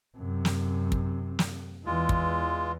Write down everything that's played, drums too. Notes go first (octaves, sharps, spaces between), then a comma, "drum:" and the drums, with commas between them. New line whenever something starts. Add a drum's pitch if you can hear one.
F#2 C3
drum: snare
drum: kick
drum: snare
E2 E3 G#3 F4
drum: kick